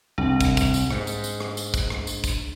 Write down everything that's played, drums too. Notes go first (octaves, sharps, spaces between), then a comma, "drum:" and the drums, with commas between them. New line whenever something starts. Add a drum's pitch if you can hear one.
C2 D4
drum: kick, tambourine
drum: kick, tambourine
drum: tambourine
G#2, drum: rim click
drum: tambourine
drum: tambourine
drum: rim click
drum: tambourine
drum: kick, tambourine
drum: rim click
drum: tambourine
drum: kick, tambourine